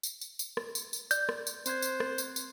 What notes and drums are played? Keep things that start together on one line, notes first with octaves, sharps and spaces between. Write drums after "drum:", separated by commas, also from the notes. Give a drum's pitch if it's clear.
drum: tambourine
drum: tambourine
drum: tambourine
drum: rim click
drum: tambourine
drum: tambourine
D5 G6, drum: tambourine
drum: rim click
drum: tambourine
C4 C5 F#6 G#6, drum: tambourine
drum: tambourine
drum: rim click
drum: tambourine
drum: tambourine